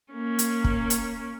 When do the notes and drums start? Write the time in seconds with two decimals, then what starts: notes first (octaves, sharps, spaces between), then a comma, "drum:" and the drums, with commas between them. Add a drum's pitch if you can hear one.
0.13 A#3 C#4
0.39 drum: hi-hat
0.64 drum: kick
0.90 drum: hi-hat